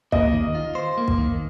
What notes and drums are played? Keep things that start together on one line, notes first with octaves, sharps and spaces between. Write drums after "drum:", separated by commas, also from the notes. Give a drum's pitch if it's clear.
A#3 D#5, drum: kick
D#3
F4
C5
A#3
drum: kick
D#3